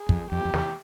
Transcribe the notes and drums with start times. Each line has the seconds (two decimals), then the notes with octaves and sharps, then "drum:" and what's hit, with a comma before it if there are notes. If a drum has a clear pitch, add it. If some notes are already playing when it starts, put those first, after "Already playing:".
Already playing: G#4
0.09 F2, drum: kick
0.31 F2 G4
0.45 F2
0.54 E2, drum: snare